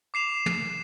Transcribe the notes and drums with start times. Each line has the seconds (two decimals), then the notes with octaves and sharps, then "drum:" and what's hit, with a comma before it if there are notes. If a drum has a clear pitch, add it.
0.14 D6 C7 E7 F7
0.46 drum: tom